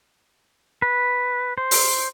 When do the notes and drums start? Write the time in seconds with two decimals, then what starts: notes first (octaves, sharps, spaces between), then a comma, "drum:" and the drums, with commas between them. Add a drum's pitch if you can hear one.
0.82 B4
1.58 C5
1.71 drum: open hi-hat